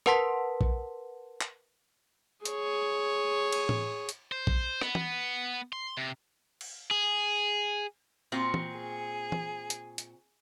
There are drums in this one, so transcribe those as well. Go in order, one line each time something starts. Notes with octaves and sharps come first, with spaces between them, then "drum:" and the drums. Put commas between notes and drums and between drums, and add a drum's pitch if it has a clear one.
A#4 B4 F#5 A5 C6 B6, drum: rim click
drum: kick
drum: clap
G#4 C#5, drum: hi-hat
drum: cymbal
drum: tom A2
drum: hi-hat
C5
drum: kick
B3, drum: rim click
drum: tom
C6
C3
drum: cymbal
G#4
A#2 C4 F#4
drum: tom
G#4
drum: tom
drum: hi-hat
drum: hi-hat